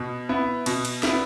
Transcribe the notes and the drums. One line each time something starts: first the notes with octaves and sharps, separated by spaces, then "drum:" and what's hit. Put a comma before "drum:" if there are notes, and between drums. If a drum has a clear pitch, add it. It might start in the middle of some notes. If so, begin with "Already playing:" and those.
Already playing: B2
B3 E4
B2, drum: cymbal
drum: cymbal
B3 E4, drum: snare